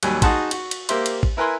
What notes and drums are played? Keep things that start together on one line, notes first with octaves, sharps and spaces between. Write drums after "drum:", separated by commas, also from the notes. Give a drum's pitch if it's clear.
D#2 F#3 G3 G#5, drum: cymbal
D#4 F#4 G#4 F#5 A5 C6, drum: kick A1, cymbal
F#4, drum: cymbal
drum: cymbal
A#3 G4 C5 E5 C6, drum: cymbal
drum: cymbal
drum: kick A1
E4 A#4 B4 G#5 A#5 C6